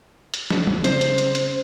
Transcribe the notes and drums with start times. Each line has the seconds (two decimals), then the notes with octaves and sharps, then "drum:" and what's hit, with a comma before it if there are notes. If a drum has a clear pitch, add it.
0.34 drum: hi-hat
0.50 drum: snare
0.67 drum: tom
0.84 C#3 C5, drum: hi-hat
1.01 drum: hi-hat
1.18 drum: hi-hat
1.35 drum: hi-hat